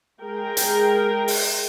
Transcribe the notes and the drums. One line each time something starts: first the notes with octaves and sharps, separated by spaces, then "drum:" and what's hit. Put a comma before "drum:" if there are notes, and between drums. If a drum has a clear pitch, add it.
G#3 G#4 A#4 G5
drum: hi-hat
drum: open hi-hat